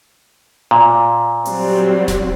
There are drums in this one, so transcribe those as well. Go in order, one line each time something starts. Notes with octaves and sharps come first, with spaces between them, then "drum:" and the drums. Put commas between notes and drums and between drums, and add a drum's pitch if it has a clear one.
A#2
F#3 G3 C4, drum: open hi-hat
drum: snare D#1